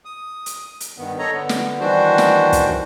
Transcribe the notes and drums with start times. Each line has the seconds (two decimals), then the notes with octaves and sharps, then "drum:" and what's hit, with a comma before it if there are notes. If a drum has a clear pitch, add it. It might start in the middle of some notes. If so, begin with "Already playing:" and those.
0.05 D#6
0.46 drum: hi-hat
0.80 drum: hi-hat
0.98 G2 D#3 B3
1.19 A4 C#5 D#5 A#5
1.32 D3 B3
1.49 drum: snare
1.80 D#3 E3 G3 D4 F#4 C5
2.18 drum: snare
2.53 drum: kick, hi-hat